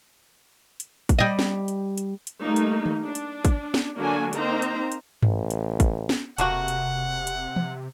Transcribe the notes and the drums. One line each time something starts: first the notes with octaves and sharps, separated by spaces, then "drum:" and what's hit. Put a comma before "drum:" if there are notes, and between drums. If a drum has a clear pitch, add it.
drum: hi-hat
drum: kick, hi-hat
G3 D#5
drum: snare
drum: hi-hat
drum: hi-hat
drum: hi-hat
G3 A3 A#3 D#4
drum: hi-hat
drum: tom D#3
D4
drum: hi-hat
drum: kick, hi-hat
drum: snare
D3 F#3 A#3 D4 F#4 G#5
A#3 C4 D#4 C5 A#5, drum: hi-hat
drum: hi-hat
drum: hi-hat
A1, drum: tom G2
drum: hi-hat
drum: kick, hi-hat
drum: snare
E1 C3 A3 A#3 F#4 F#5, drum: hi-hat
drum: hi-hat
drum: hi-hat
drum: tom E3